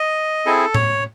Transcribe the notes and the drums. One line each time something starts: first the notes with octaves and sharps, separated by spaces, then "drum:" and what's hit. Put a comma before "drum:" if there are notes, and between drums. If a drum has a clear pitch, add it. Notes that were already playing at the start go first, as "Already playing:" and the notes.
Already playing: D#5
C4 E4 G#4 A4
C#5, drum: tom A2